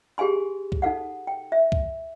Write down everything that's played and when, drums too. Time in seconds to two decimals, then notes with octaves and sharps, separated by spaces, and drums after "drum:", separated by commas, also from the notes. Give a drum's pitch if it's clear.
0.18 G4 G#4 F5 G#5 C6
0.72 drum: kick C2
0.82 D#4 A4 F5 F#5
1.27 G5
1.52 E5
1.72 drum: kick C2